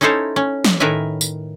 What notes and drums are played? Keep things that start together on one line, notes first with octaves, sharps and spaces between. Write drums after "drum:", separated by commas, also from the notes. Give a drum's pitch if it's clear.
C#4 D#4 E4 A4 C5 C#5
C#4
drum: snare
A2 D#3 A#4 B4 E5 G#5
drum: tambourine